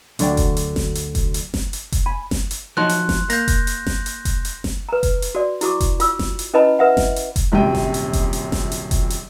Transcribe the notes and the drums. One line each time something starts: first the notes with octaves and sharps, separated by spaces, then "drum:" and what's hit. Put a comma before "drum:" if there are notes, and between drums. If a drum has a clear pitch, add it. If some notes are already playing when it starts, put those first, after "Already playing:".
D2 D3 F#3 D5 G5, drum: hi-hat
drum: kick F1, hi-hat
drum: hi-hat
drum: snare F#1
drum: hi-hat
drum: kick F1, hi-hat
drum: hi-hat
drum: snare F#1
drum: hi-hat
drum: kick F1, hi-hat
G#5 B5
drum: snare F#1
drum: hi-hat
F3 F#3 D#4 C6 F#6
drum: hi-hat
drum: snare F#1
A#3 G6 A#6, drum: hi-hat
drum: kick F1, hi-hat
drum: hi-hat
drum: snare F#1
drum: hi-hat
drum: kick F1, hi-hat
drum: hi-hat
drum: snare F#1
B4 A#5
drum: kick F1, hi-hat
drum: hi-hat
F#4 D5
E4 F#4 C#6 D6, drum: hi-hat
drum: kick F1, hi-hat
F4 E6, drum: hi-hat
drum: snare F#1
drum: hi-hat
C#4 E4 B4 D#5 A5 B5
B4 E5 F#5
drum: snare F#1
drum: hi-hat
drum: kick F1, hi-hat
D#1 A#1 F#2 C3 G5 D#7
drum: snare F#1
drum: hi-hat
drum: kick F1, hi-hat
drum: hi-hat
drum: snare F#1
drum: hi-hat
drum: kick F1, hi-hat
drum: hi-hat